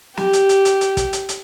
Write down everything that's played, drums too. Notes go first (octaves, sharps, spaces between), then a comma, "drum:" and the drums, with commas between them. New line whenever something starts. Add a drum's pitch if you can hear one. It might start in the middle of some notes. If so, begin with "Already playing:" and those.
G4, drum: snare
drum: hi-hat
drum: hi-hat
drum: hi-hat
drum: hi-hat
drum: kick, hi-hat
drum: hi-hat
drum: hi-hat